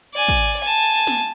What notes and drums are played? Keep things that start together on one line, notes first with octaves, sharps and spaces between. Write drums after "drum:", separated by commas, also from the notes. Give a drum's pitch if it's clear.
D5 G#5
drum: kick
G#5 A5
drum: snare